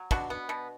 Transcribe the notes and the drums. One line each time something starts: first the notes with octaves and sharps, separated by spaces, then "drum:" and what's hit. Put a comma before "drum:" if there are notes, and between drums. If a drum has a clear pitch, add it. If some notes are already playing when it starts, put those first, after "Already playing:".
Already playing: F#3
B2 D4 F#4, drum: kick
B3
B2